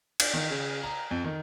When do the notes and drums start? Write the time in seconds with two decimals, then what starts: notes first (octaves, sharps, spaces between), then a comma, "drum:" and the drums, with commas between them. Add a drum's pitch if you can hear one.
0.20 D4, drum: cymbal
0.34 D#3
0.50 C#3
0.83 A#5
1.11 F2
1.24 D#3